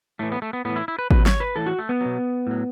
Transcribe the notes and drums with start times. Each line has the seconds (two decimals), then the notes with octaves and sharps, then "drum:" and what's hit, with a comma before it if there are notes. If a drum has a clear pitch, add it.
0.19 A2 E3 A3
0.32 B3
0.42 A3
0.53 B3
0.65 A2 E3 B3
0.76 E4
0.88 E4
0.99 B4
1.11 B2 F#3 B4, drum: kick G#1
1.26 C#5, drum: snare
1.40 B4
1.56 A2 E3 A4
1.66 F#4
1.79 A3
1.89 B3
2.01 B2 F#3
2.47 A2 F#3